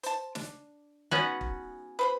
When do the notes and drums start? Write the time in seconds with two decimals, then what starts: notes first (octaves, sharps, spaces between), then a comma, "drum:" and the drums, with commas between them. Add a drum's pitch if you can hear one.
0.03 C5 A5, drum: hi-hat
0.35 D4, drum: snare
1.11 G#3 B3 C#4 D#4 F#4
1.41 drum: kick
1.99 B4 C5 B5